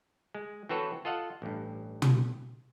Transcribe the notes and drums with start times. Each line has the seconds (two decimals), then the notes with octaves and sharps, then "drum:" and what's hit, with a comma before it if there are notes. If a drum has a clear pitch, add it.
0.35 G#3
0.69 E3 C4 F#4 A4 B4 C#5
1.05 F4 A4 D#5 F5 F#5
1.42 A1 G2
2.02 drum: tom